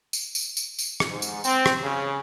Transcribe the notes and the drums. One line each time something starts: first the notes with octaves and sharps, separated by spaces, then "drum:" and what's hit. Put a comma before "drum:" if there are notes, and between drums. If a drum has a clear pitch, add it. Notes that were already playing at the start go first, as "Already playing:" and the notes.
drum: tambourine
drum: tambourine
drum: tambourine
drum: tambourine
drum: rim click
G#2
drum: tambourine
C4, drum: tambourine
drum: rim click
C#3